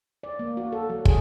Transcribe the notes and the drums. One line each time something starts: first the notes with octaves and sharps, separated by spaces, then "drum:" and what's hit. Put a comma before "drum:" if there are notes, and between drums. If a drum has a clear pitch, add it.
D5
A#3
F#4
A4
F#3
G#4, drum: kick